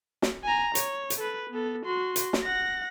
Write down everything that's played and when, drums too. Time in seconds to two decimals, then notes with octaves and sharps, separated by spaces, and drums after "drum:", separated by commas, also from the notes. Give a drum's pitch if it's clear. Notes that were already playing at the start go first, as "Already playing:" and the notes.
0.22 drum: snare
0.44 G#5 A#5
0.75 C#5, drum: hi-hat
1.10 drum: hi-hat
1.19 A4 B4
1.50 B3 A4
1.85 F#4 C6
2.16 drum: hi-hat
2.33 drum: snare
2.43 F#5 A#6